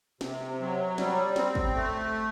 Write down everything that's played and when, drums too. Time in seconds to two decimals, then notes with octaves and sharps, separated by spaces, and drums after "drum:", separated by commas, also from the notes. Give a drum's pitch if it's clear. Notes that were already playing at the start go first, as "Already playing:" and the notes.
0.21 C3, drum: snare
0.60 F#3
0.98 G3, drum: snare
1.36 C4, drum: snare
1.55 drum: kick
1.74 A3